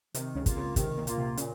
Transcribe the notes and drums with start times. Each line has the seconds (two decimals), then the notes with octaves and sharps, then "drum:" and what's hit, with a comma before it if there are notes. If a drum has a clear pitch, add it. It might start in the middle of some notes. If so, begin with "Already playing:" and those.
0.14 C3 D#3, drum: hi-hat
0.35 C#2 C#3
0.46 A#3 F4, drum: kick, hi-hat
0.56 C#2 C#3
0.76 C3 D#3, drum: kick, hi-hat
0.97 A#2
1.07 A#3 F4, drum: hi-hat
1.18 C3
1.37 A#2 C#3, drum: hi-hat